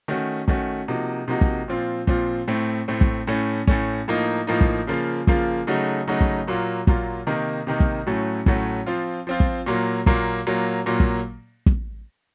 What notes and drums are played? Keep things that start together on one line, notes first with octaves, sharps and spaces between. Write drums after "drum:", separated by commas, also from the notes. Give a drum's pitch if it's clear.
D#3 A3 C#4 F#4
D#3 A3 C#4 F#4, drum: kick
C3 F3 A#3 D#4 F#4
C3 F3 A#3 D#4 F#4
drum: kick
A#2 F3 C4 F4
A#2 F3 C4 F4, drum: kick
A2 A3 C4
A2 A3 C4
drum: kick
A2 A3 C#4
A2 A3 C#4, drum: kick
A2 F3 A#3 D#4
A2 F3 A#3 D#4
drum: kick
C#3 F3 A#3 F4
C#3 F3 A#3 F4, drum: kick
C#3 F#3 A3 D#4 F#4
C#3 F#3 A3 D#4 F#4
drum: kick
A#2 F#3 A#3 F4
A#2 F#3 A#3 F4, drum: kick
C3 D#3 A#3 D#4
C3 D#3 A#3 D#4
drum: kick
A2 F#3 A3 C#4 F#4
A2 F#3 A3 C#4 F#4, drum: kick
F3 C4 F4
F3 C4 F4
drum: kick
A#2 F#3 A#3
A#2 F#3 A#3, drum: kick
A#2 F#3 A#3
A#2 F#3 A#3
drum: kick
drum: kick